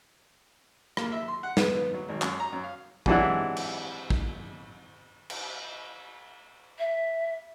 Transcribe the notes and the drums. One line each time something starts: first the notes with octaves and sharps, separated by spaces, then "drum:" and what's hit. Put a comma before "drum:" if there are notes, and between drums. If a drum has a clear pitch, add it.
A#3, drum: rim click
E5
C6
F#5
B3, drum: snare
B3
F#3
G#1
F#2, drum: clap
A#5
F#2
F5
G#2 C3 E3 F#3 D4 E4, drum: kick
drum: cymbal
drum: kick
drum: cymbal
E5